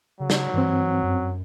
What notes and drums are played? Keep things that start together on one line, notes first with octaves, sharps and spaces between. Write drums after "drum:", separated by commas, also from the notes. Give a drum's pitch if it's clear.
C#3 F#3
drum: snare
G2 E3 C4
F#2